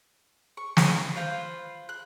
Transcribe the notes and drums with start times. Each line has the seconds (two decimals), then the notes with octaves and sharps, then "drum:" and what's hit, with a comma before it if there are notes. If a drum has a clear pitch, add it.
0.57 C#6
0.77 B4 C6, drum: snare
1.16 F4 B4 C5
1.89 F#6